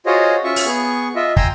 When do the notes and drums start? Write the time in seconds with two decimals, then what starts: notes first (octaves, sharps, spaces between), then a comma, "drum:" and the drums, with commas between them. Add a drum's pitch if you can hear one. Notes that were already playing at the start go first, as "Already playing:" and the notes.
0.06 F4 F#4 G#4 C5 C#5 D#5
0.44 C#4 F4 E5 C#6
0.56 drum: open hi-hat
0.66 B3 G#4 C#6
1.16 F4 D#5 E5
1.37 G5 G#5 A#5 C6 E6 G6, drum: kick